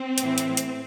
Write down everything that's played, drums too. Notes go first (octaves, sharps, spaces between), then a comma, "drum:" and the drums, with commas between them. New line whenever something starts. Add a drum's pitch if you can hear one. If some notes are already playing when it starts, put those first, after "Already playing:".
Already playing: C4
A2 E3, drum: hi-hat
drum: hi-hat
drum: hi-hat